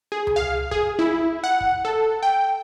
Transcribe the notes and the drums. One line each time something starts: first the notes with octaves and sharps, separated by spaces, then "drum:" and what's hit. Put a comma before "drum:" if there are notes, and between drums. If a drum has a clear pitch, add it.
G#4
drum: tom C#2
F5
G#4, drum: kick
E4
F#5
drum: kick
A4
G5